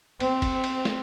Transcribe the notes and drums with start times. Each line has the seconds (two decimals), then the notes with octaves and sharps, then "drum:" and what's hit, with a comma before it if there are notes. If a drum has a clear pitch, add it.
0.20 C4, drum: cymbal
0.42 drum: kick, cymbal
0.64 drum: cymbal
0.85 drum: snare